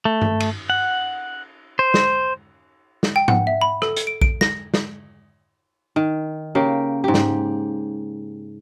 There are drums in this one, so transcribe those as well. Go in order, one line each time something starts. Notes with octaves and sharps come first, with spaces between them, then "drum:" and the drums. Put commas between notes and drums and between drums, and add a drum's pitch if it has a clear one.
A3
drum: tom G2
drum: cymbal
F#5
C5
drum: snare
drum: snare
G5
F#5, drum: tom G#2
E5
B5
A4, drum: rim click
drum: hi-hat
D7
D7, drum: kick A#1
A#6, drum: snare
drum: snare
D#3
C#3 A#3 G4
G#2 G4
drum: snare